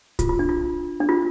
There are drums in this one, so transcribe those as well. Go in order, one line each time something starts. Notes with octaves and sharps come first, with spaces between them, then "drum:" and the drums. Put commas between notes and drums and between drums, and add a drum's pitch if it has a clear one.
F4, drum: kick B1, hi-hat
F4
D4
F4
D4
F4